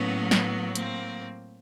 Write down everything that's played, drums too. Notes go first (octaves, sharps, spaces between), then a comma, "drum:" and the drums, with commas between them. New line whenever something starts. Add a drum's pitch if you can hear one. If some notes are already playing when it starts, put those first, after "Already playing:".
Already playing: A2 F#3 A#3 B3 C#4
B3, drum: snare
A#3 C4, drum: hi-hat